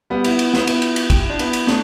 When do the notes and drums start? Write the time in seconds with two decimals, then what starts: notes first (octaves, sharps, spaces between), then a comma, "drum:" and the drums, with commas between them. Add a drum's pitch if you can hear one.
0.10 G3 B3
0.24 B3 E4, drum: cymbal
0.39 drum: cymbal
0.54 B3 E4, drum: snare
0.67 B3 E4, drum: cymbal
0.82 drum: cymbal
0.96 drum: cymbal
1.10 G4, drum: kick, cymbal
1.20 E4
1.30 D4
1.39 B3 E4, drum: cymbal
1.53 drum: cymbal
1.67 A3 D4, drum: snare